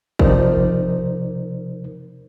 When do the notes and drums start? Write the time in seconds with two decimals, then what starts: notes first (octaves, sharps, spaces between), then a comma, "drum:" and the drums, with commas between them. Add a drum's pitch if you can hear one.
0.19 C3 F3 D#4 A#4 C5 D5, drum: kick